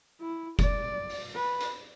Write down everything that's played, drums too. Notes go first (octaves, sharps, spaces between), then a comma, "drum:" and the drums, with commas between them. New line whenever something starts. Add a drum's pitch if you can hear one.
E4
D5, drum: kick F1, hi-hat
drum: open hi-hat
B4
drum: hi-hat